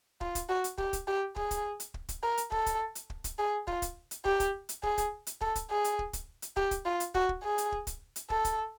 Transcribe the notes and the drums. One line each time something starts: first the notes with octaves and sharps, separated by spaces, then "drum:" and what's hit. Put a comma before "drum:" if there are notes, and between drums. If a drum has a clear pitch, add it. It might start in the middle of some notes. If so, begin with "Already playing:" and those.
F4, drum: kick
drum: kick, hi-hat
F#4
drum: hi-hat
G4, drum: kick
drum: kick, hi-hat
G4
G#4, drum: kick
drum: kick, hi-hat
drum: hi-hat
drum: kick
drum: kick, hi-hat
A#4
drum: hi-hat
A4, drum: kick
drum: kick, hi-hat
drum: hi-hat
drum: kick
drum: kick, hi-hat
G#4
F4, drum: kick
drum: kick, hi-hat
drum: hi-hat
G4, drum: kick
drum: kick, hi-hat
drum: hi-hat
G#4, drum: kick
drum: kick, hi-hat
drum: hi-hat
A4, drum: kick
drum: kick, hi-hat
G#4
drum: hi-hat
drum: kick
drum: kick, hi-hat
drum: hi-hat
G4, drum: kick
drum: kick, hi-hat
F4
drum: hi-hat
F#4, drum: kick
drum: kick
G#4
drum: hi-hat
drum: kick
drum: kick, hi-hat
drum: hi-hat
A4, drum: kick
drum: kick, hi-hat